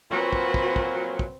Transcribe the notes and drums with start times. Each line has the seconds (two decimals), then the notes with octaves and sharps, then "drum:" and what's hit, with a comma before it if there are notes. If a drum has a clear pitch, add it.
0.11 A#2 F3 F#3 C4 F#4 B4
0.33 drum: kick
0.54 drum: kick
0.76 drum: kick
1.19 drum: kick